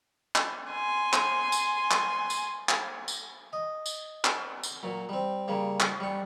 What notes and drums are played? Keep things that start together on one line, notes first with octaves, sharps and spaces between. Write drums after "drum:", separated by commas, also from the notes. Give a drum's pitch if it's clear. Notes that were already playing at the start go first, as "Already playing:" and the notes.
drum: clap
G#5 C6
drum: clap
drum: tambourine
drum: clap
drum: tambourine
drum: clap
drum: tambourine
D#5
drum: tambourine
drum: clap
drum: tambourine
A#2 F#3
G3 C4
C#3 G3 A#3
drum: clap
G3 C#6